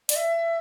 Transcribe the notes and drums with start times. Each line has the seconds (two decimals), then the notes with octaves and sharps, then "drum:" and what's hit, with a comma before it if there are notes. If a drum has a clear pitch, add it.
0.09 D5, drum: hi-hat
0.16 E5